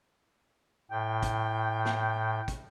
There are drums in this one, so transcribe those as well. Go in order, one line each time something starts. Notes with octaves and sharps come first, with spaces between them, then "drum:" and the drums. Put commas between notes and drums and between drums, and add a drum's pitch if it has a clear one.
A2 G5
drum: kick, hi-hat
drum: snare
drum: kick, hi-hat